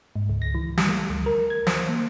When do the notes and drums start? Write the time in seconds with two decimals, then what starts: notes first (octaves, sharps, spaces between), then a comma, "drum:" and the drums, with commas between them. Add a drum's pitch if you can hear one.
0.16 G#2
0.29 C#2
0.42 A#6
0.55 E3
0.78 G3, drum: snare
0.89 A3
1.10 D2
1.26 A#4
1.50 G#6
1.67 C5, drum: snare
1.89 A#3